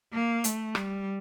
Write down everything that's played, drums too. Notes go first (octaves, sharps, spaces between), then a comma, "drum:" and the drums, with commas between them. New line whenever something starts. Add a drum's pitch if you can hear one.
A#3
A3, drum: hi-hat
G3, drum: rim click